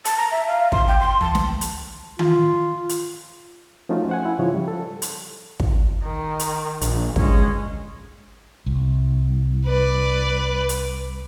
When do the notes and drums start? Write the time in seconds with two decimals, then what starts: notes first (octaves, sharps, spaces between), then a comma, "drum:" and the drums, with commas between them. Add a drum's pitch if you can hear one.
0.05 A5, drum: hi-hat
0.18 A#5
0.31 E5
0.48 F5
0.72 C6, drum: kick
0.88 G5
1.00 C6
1.21 A5, drum: tom
1.35 drum: snare
1.61 drum: hi-hat
2.19 F4, drum: tom D#3
2.89 drum: hi-hat
3.89 F3 A3 C#4 D#4 F4 F#4
4.09 C5 F#5 G#5
4.25 E4
4.39 G#2 C#3 F3 C#5
4.54 G3
4.68 A4
5.02 drum: hi-hat
5.60 drum: kick
6.03 D#3
6.39 drum: hi-hat
6.81 A#1, drum: hi-hat
7.16 G1 G#3 C#4, drum: kick
8.66 C2
9.66 B4 D5
10.69 drum: hi-hat